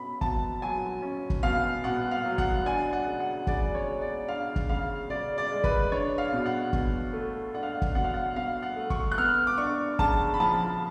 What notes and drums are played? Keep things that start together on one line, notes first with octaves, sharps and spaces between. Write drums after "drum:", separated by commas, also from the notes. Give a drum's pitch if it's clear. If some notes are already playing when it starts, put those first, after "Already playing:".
Already playing: B2 C#4 B5
B2 A5, drum: kick
F#3 G#5
C#4
drum: kick
B2 F5
B2 F#5
F5
F#3
F#5, drum: kick
D4 G#5
F#5
C#3
F#5
C#3 D5, drum: kick
C#5
G#3
D5
D4 F5
drum: kick
C#3 F5
C#3 D5
D5
G#3
B4, drum: kick
D4 C#5
F5
B2
F#5
B2, drum: kick
A3
D4 F#5
F5
F#5
drum: kick
B2 F#5
F5
F#5
B2 F5
F#5
A3
C#6, drum: kick
F#6
B3 F6
D6
D4 C#6
C#3 A5, drum: kick
B5
F3 A5